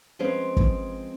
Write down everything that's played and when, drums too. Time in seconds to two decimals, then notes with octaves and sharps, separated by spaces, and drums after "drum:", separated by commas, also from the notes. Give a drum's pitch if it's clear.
0.19 F3 G#3 C4 C#4 B4 C5
0.57 drum: kick